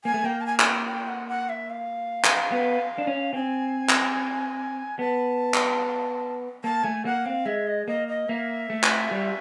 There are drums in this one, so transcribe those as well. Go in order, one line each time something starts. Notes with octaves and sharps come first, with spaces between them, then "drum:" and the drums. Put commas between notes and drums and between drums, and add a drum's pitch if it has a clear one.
A#3 G#5
A3
A#3 G5
A5
G#5
G#5, drum: clap
G5
G5
F#5
F#5
E5
F5
drum: clap
B3
D4
C#4
C4 G#5
drum: clap
B3 A5
drum: clap
A#3 A5
A3 G#5
A#3 F#5
C4 F5
G#3 E5
D#5
A#3 D#5
D#5
A#3 E5
A3
drum: clap
G3